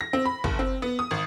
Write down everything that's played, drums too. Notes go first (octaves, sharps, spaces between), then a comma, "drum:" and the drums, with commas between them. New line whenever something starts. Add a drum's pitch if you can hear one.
A#6
C4
B5
F#1, drum: kick
C4
B3
D#6
G#1